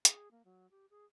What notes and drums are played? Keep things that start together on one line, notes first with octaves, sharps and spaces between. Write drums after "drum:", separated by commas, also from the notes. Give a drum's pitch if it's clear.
G#4, drum: hi-hat
A#3
F#3
G4
G#4